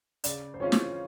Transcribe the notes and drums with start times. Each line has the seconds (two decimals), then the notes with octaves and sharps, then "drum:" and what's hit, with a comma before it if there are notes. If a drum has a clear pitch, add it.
0.24 C#3 D5, drum: hi-hat
0.54 C5
0.60 E3 G#3 C#4 F4 C#5
0.72 drum: snare